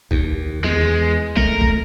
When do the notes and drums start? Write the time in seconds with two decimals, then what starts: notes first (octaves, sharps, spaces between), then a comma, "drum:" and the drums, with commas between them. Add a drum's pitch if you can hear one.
0.11 D#2, drum: kick
0.64 E2 G#3
1.37 A3 A#4, drum: kick
1.61 drum: kick